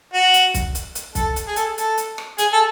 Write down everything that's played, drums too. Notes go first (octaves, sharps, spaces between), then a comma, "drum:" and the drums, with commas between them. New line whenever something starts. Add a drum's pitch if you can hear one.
F#4
drum: hi-hat
drum: kick, hi-hat
drum: hi-hat
drum: hi-hat
A4, drum: kick, hi-hat
drum: hi-hat
G#4
A4, drum: hi-hat
A4, drum: hi-hat
drum: hi-hat
drum: rim click
G#4, drum: hi-hat
A4